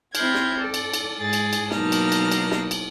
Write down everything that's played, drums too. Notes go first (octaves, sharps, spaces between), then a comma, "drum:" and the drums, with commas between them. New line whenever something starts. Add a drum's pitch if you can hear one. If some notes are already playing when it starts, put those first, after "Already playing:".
C4 E4 C5 F6 G6 G#6, drum: cymbal
drum: snare
A4 D5
drum: cymbal
drum: cymbal
G#2 G#4 A6
drum: cymbal
drum: cymbal
B2 F#3 A#3 D#4 A5 F6, drum: snare
drum: cymbal
drum: cymbal
drum: cymbal
drum: snare
drum: cymbal